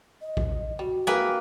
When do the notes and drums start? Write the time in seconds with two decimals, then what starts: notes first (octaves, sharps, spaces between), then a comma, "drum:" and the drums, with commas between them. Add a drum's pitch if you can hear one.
0.21 D#5
0.37 drum: kick
0.79 G3 F#4
1.07 A#3 E4 G4 G#4 B4